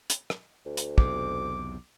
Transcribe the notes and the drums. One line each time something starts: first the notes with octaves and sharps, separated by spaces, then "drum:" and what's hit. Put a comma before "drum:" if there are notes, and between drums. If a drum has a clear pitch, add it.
drum: hi-hat
drum: rim click
D2
drum: hi-hat
B1 E2 C3 D6, drum: kick